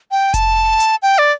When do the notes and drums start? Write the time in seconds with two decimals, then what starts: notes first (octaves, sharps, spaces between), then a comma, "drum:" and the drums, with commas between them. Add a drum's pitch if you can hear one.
0.11 G5
0.34 A5, drum: kick F1, hi-hat
0.80 drum: hi-hat
1.02 G5
1.18 D5